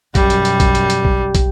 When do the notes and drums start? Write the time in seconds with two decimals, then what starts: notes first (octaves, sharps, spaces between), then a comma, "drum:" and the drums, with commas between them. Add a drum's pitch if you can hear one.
0.15 F#2 B2 G3, drum: kick, hi-hat
0.30 drum: hi-hat
0.45 drum: hi-hat
0.60 drum: kick, hi-hat
0.75 drum: hi-hat
0.90 drum: hi-hat
1.05 drum: kick
1.35 drum: kick, hi-hat